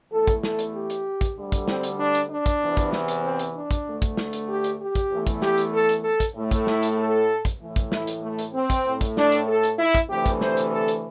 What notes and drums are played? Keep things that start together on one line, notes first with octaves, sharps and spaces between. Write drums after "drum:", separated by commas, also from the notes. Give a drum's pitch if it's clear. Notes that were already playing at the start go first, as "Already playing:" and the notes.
E2 E3 A3 A4
drum: kick, hi-hat
A4, drum: snare
drum: hi-hat
G4
drum: hi-hat
drum: kick, hi-hat
D2 D3 G3
drum: kick, hi-hat
C4, drum: snare
drum: hi-hat
D4
drum: hi-hat
D4
drum: kick, hi-hat
E2 C3 E3
drum: kick, hi-hat
drum: snare
drum: hi-hat
C4
drum: hi-hat
D4
drum: kick, hi-hat
D2 D3 A3
drum: kick, hi-hat
drum: snare
drum: hi-hat
G4
drum: hi-hat
G4
drum: kick, hi-hat
E2 E3 A3
drum: kick, hi-hat
G4, drum: snare
drum: hi-hat
A4
drum: hi-hat
A4
drum: kick, hi-hat
A2 A3
drum: kick, hi-hat
E4, drum: snare
drum: hi-hat
A4
drum: kick, hi-hat
A2 E3 A3
drum: kick, hi-hat
E4, drum: snare
drum: hi-hat
A3
drum: hi-hat
C4
drum: kick, hi-hat
A2 A3
drum: kick, hi-hat
D4, drum: snare
drum: hi-hat
A4
drum: hi-hat
E4
drum: kick, hi-hat
D2 C3 E3 A3 G4
drum: kick, hi-hat
C5, drum: snare
drum: hi-hat
A4
drum: hi-hat